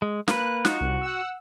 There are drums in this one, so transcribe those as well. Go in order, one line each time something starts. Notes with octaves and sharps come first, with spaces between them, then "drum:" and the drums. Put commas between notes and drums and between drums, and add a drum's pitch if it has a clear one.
G#3
A#3 B4 F#6, drum: snare
D#4 F4 F#4 F#6, drum: snare
C2
F#5 E6